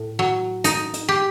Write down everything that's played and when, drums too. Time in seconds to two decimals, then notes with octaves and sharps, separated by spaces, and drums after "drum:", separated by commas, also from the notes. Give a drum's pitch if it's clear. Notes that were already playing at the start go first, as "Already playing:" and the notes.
Already playing: A2
0.19 F#3
0.64 D#4, drum: hi-hat
0.94 drum: hi-hat
1.08 G4